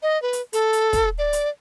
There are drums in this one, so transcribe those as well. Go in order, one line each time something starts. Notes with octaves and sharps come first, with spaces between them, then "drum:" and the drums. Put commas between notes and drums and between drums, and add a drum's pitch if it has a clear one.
D#5
B4
drum: hi-hat
A4, drum: hi-hat
drum: hi-hat
drum: kick, hi-hat
D5
drum: hi-hat